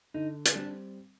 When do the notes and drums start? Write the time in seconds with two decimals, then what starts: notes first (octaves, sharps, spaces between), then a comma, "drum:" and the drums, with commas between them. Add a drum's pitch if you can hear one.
0.14 D3 D#4
0.45 drum: hi-hat
0.55 G3 C4 D4